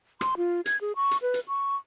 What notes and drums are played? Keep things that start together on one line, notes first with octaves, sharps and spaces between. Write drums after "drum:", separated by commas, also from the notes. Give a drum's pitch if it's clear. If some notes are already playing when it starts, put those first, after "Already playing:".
C6, drum: rim click
F4
G#6, drum: hi-hat
G#4
C#6
drum: hi-hat
B4
drum: hi-hat
C#6